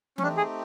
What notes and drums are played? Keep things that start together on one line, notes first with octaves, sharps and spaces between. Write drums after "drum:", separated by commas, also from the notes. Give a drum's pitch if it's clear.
C#4, drum: tom E3
A3 C4 D4 D#4 G4
G#4